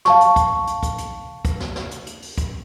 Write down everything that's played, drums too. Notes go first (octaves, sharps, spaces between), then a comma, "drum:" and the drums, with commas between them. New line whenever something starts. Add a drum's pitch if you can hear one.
F5 A5 C#6, drum: snare
drum: hi-hat
drum: kick, hi-hat
drum: hi-hat
drum: kick, hi-hat
drum: hi-hat
drum: kick, hi-hat
drum: snare
drum: snare
drum: hi-hat
drum: hi-hat
drum: open hi-hat
drum: kick, hi-hat